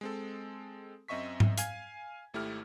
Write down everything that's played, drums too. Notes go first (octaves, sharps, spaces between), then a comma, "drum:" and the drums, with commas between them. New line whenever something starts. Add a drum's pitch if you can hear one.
G#3 C4 A4
F#2 C4 D#5 E5 C#6 B6
drum: tom G#2
F5 G#5 G#6, drum: hi-hat
G#1 A3 E4 G4 F6